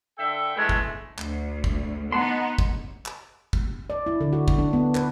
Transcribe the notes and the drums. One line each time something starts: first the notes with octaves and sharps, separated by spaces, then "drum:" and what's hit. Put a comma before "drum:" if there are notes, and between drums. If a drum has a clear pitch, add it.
D3 A4 E5 G5
A2 E3 G#3 A3
drum: kick
D2, drum: clap
drum: kick
B3 D#4 F#5 A5 C6
drum: kick
drum: clap
drum: kick
D5
E4
D3
F#4
drum: kick
D4
B3
B4, drum: clap